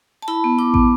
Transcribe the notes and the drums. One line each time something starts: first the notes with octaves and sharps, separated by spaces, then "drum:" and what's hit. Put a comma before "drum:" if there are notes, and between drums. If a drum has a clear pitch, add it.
A5
E4 B5
B3
E4 D6
B3, drum: kick